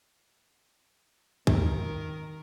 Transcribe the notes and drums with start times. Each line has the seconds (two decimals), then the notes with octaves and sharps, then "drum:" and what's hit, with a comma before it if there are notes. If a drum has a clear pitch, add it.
1.47 D#3 A#4, drum: kick